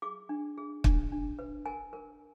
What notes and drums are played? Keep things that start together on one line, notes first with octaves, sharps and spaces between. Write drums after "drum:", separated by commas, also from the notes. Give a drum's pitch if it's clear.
G#4 D6
D4
G#4
D4, drum: kick
D4
B4
A#4 G#5
A#4